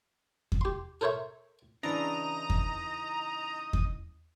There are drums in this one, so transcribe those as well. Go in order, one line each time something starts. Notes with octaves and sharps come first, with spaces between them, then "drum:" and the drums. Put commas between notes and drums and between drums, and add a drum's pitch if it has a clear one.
drum: kick E2
G4 C6
A4 A#4 C5 C#5 E5
C#3 E3 D4 D#4 A#5 D#6
drum: kick E2
drum: kick E2